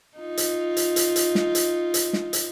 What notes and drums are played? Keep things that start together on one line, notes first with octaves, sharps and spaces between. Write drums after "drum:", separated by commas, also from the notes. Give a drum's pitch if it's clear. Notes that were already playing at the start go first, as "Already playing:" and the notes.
D#4 F4
drum: hi-hat
drum: hi-hat
drum: hi-hat
drum: hi-hat
drum: snare
drum: hi-hat
drum: hi-hat
drum: snare
drum: hi-hat